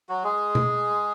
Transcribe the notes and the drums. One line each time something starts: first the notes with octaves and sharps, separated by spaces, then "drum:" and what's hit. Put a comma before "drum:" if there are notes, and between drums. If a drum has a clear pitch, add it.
F#3 F#4
G#3 G#4
drum: tom B2